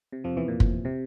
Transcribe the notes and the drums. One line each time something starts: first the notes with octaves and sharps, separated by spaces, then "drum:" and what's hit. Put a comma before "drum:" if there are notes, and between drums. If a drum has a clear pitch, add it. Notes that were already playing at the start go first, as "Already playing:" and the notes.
C3
F2 F3
E2 E3
A#2
drum: kick
C3